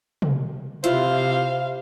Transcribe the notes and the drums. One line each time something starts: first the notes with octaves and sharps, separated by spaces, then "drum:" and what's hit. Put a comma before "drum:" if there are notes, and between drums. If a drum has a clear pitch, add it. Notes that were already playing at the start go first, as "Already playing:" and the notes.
drum: tom
C3 E4 F4 B4 C5 F5, drum: hi-hat